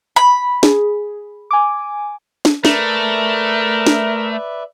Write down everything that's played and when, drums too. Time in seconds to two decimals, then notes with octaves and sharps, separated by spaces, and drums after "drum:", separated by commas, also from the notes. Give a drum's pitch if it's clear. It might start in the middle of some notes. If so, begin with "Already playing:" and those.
0.16 B5
0.63 G#4, drum: snare
1.51 G#5 D6
2.45 drum: snare
2.65 A3 A#4 B4 D5 E5, drum: snare
3.86 drum: snare